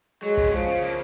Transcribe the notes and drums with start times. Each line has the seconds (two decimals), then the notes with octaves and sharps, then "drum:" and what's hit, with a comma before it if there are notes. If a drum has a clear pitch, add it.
0.23 F#3 G#3
0.37 C#3, drum: kick
0.52 C#3 F3
0.68 C#3
0.83 A#3